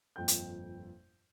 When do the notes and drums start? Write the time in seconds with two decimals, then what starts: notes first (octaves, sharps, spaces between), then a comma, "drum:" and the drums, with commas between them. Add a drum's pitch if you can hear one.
0.16 G1 F2 A#2 G5 G6
0.28 drum: hi-hat